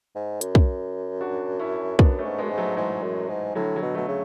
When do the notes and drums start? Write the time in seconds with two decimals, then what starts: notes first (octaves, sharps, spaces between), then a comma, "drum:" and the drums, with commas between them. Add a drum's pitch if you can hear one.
0.16 G#2
0.41 F#2, drum: hi-hat
0.55 drum: kick
1.21 D4 F#4
1.59 C#4 E4
1.99 F#2 B3 D4, drum: kick
2.19 A3 C#4
2.25 G#2
2.38 F#2 G#3 B3
2.51 G#2
2.57 F#3 A3
2.77 G#2 E3 G#3
3.04 F#2
3.30 G#2
3.55 A2 D3 F#3
3.76 D3 F#3
3.82 B2
3.95 B2 F#3 A3
4.08 C#3